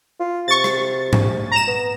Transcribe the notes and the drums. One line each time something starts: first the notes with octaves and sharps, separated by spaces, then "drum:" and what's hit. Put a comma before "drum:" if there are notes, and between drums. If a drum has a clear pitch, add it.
F4
C3 C#6 A6
drum: rim click
drum: tom G#2
A#5 E7
B3